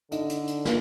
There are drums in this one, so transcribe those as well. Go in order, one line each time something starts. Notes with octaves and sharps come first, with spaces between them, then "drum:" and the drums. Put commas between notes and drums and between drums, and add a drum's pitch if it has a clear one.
D3 D#4, drum: hi-hat
drum: hi-hat
drum: hi-hat
drum: snare